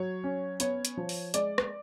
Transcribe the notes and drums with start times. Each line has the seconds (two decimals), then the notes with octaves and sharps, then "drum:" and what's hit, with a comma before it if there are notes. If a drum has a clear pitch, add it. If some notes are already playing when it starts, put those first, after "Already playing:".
Already playing: F#3 C#5
0.24 C#4
0.60 B3 C#5, drum: hi-hat
0.85 drum: hi-hat
0.97 F3
1.09 drum: open hi-hat
1.34 G#3 D5, drum: hi-hat
1.58 drum: rim click